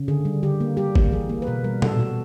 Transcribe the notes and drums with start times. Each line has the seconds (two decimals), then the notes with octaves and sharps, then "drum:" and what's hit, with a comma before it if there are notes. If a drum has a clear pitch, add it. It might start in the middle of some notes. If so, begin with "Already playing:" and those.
Already playing: C#3
0.08 D3 G#4
0.25 G3
0.43 D3 G4
0.60 A#3
0.77 G3 G4
0.95 A#3, drum: kick G1
1.12 E3 G#4
1.29 A#3
1.42 B4
1.47 B2 A#4
1.64 G3 A#4
1.82 B2 A4, drum: tom A#2
1.99 B2 F#4